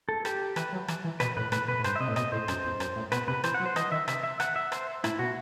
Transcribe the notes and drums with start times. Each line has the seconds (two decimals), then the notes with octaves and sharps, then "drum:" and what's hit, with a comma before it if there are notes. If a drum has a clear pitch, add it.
0.09 A4
0.25 G4, drum: rim click
0.56 E3 B4, drum: rim click
0.73 F#3
0.88 E3, drum: rim click
1.04 E3
1.20 B2 B4, drum: rim click
1.37 A2 B4
1.52 A2 B4, drum: rim click
1.68 B2 B4
1.79 A2
1.84 G2 C5, drum: rim click
1.96 E5
2.00 C3 D#5
2.08 A2
2.16 B2 D#5, drum: rim click
2.32 A2 C5
2.48 F#2, drum: rim click
2.64 E2
2.80 F#2, drum: rim click
2.96 A2
3.12 B2 B4, drum: rim click
3.28 C3 B4
3.44 E3 C5, drum: rim click
3.54 F#5
3.60 F#3
3.66 C5
3.76 E3 D#5, drum: rim click
3.92 D#3 E5
4.08 C3 E5, drum: rim click
4.23 E5
4.40 F#5, drum: rim click
4.56 E5
4.72 C5, drum: rim click
5.04 A2 E4, drum: rim click
5.19 B2 F#4